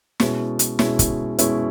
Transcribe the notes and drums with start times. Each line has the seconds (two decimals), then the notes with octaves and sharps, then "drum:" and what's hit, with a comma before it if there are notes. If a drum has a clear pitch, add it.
0.20 B2 G#3 C#4 E4, drum: snare
0.59 drum: hi-hat
0.79 B2 G#3 C#4 E4, drum: snare
0.99 drum: kick, hi-hat
1.38 B2 G#3 C#4 E4, drum: hi-hat